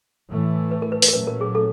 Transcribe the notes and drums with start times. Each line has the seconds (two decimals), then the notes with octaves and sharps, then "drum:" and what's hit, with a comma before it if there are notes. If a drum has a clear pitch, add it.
0.30 A2 E3 A3
0.71 B4
0.82 A#4
0.92 B4
1.02 B4, drum: open hi-hat
1.08 A#4
1.13 A#2 F#3 A3 C#4 B4
1.27 A#4
1.41 G#4
1.55 A4